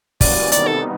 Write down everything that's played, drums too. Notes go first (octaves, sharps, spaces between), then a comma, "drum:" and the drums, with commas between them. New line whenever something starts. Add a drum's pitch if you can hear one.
E3 G3 A#3 C#4 F#4 D5, drum: kick, open hi-hat
C3 D#3 G3 B3 D#4 D5, drum: hi-hat
A4